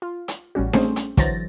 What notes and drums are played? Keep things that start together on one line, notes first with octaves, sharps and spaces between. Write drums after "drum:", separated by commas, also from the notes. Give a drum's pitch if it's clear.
F4
drum: hi-hat
A1 G3 C#4 F#4
A3 C4 C#4 G#4 C5, drum: snare D4
drum: hi-hat
D3 E3 F#3 C5 A6 A#6, drum: kick, hi-hat